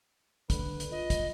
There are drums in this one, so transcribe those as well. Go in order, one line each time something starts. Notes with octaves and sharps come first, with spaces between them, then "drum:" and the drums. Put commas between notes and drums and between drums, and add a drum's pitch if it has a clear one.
D3 B4, drum: kick, hi-hat
drum: hi-hat
F4 D#5
drum: kick, hi-hat